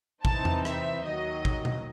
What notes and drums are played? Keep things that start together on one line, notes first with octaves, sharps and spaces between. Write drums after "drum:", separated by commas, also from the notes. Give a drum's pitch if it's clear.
C3 E3 C4 D#4 A5, drum: kick
drum: tom E2
E5, drum: rim click
D#2 D#3 F#3 D#5
drum: kick
drum: tom B2